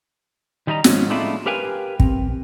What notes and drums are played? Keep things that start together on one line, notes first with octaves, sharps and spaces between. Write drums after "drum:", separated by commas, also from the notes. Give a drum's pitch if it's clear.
D#3 G3 D#4 D#5 A#5
G#2 F3 C#4, drum: snare
A2 G#3 A3 D4 E4 F4
G4 A#4 B4 F5 G5 G#5
C4, drum: kick